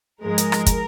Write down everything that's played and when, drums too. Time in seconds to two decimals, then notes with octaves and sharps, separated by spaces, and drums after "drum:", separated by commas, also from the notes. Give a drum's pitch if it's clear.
0.23 G#2 F3 G#3 A#4
0.38 drum: hi-hat
0.52 drum: rim click
0.66 drum: kick, hi-hat